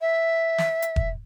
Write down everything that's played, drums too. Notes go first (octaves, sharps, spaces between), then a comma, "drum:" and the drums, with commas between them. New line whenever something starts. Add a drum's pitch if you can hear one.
E5
drum: snare
drum: hi-hat
drum: kick E1